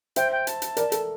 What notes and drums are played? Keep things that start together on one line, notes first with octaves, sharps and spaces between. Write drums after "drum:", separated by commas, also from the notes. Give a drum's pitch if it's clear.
C5 E5 G5, drum: hi-hat
G5
A5, drum: hi-hat
drum: hi-hat
A#4 D5, drum: hi-hat
A4, drum: hi-hat